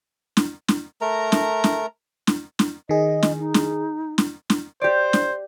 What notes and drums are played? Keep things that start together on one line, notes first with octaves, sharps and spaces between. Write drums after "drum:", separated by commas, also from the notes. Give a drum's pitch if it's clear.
drum: snare
drum: snare
A3 A#4 A#5
drum: snare
drum: snare
drum: snare
drum: snare
D#3 G#4 D#5
drum: snare
D#4
drum: snare
drum: snare
drum: snare
G4 C5 D5
drum: snare